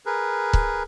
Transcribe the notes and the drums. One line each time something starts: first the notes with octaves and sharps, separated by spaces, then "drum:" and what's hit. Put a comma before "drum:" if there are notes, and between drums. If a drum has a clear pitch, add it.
G#4 A#4 B4
drum: kick C#1